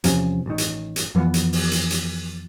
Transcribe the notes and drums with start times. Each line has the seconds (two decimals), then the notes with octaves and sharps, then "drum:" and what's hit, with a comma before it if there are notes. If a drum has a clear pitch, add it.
0.04 E2 C3 F3 C#4, drum: hi-hat
0.46 A1 D#3
0.58 drum: hi-hat
0.96 drum: hi-hat
1.15 F2 E3 F3 B3
1.34 drum: hi-hat
1.53 drum: open hi-hat
1.72 drum: hi-hat
1.90 drum: hi-hat